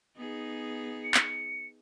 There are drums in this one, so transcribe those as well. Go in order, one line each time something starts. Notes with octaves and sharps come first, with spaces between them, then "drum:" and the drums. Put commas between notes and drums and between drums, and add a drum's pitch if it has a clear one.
B3 D#4 G#4
C#7
drum: clap